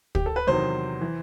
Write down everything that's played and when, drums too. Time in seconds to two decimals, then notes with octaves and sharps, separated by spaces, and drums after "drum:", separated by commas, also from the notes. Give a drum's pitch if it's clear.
0.15 G4, drum: kick
0.26 A4
0.36 B4
0.47 E2 C3 D#3 F#3 C5
1.01 E3